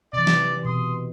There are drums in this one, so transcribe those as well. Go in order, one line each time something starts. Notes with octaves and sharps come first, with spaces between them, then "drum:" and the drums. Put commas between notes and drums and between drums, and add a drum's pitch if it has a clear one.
C3 E3 D5
drum: snare
B2 C6 D#6